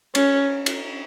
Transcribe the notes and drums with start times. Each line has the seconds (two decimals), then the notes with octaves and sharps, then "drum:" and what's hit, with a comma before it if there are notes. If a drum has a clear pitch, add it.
0.15 C#4, drum: cymbal
0.66 drum: cymbal